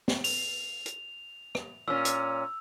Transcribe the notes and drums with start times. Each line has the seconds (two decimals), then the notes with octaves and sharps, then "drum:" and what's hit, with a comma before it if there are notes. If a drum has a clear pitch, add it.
0.08 drum: snare
0.24 F7, drum: open hi-hat
0.86 drum: hi-hat
1.55 drum: rim click
1.88 A#2 C#4 E6
2.05 drum: hi-hat